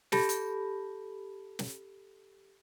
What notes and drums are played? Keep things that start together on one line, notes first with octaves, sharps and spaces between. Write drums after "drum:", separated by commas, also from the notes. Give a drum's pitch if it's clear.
G4 A4 A5 B5 G6 A#6, drum: snare
drum: hi-hat
drum: snare